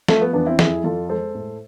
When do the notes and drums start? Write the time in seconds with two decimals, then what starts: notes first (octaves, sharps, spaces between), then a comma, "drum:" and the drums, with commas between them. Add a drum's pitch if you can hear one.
0.08 F3 A3, drum: snare
0.21 B3
0.33 E2 B3 D4
0.46 C4 E4
0.59 F2 E4 G#4, drum: snare
0.84 F2 F4 A4
1.09 G#3 A4 C5
1.35 A2